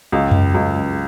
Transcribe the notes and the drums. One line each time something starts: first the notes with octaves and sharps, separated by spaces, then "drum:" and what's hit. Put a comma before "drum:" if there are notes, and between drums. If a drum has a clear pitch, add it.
C#2
drum: tom F#2
C#2